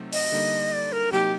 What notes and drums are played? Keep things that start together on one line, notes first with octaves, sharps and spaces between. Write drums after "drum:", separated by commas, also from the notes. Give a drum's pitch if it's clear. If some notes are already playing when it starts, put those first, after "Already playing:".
Already playing: C3 F#3 A3 C4 D#4
D#5, drum: open hi-hat
D3 G3 A#3 D#4
D5
A#4
C3 F#3 A#3 D#4 G4